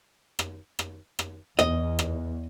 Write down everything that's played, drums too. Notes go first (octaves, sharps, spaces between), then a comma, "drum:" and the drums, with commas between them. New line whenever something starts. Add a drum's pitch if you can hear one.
drum: rim click
drum: rim click
drum: rim click
E2 D#5, drum: rim click
drum: rim click